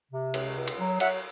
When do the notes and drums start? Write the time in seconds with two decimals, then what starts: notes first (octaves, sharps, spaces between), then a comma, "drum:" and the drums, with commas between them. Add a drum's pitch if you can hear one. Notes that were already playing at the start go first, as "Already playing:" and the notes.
0.12 C3
0.34 C#2, drum: cymbal
0.56 C#2
0.68 drum: cymbal
0.78 F#3
1.00 F#3 E5 F#5, drum: cymbal